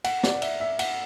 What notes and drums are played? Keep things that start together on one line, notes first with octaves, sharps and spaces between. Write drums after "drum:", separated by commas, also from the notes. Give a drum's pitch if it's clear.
F#5, drum: cymbal
D5, drum: snare
E5, drum: cymbal
E5
F#5, drum: cymbal